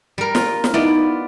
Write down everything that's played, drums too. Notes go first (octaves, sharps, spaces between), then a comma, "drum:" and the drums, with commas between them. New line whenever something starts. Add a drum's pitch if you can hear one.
G3 A#4
F4, drum: snare
drum: snare
B3 D#4 E4 D5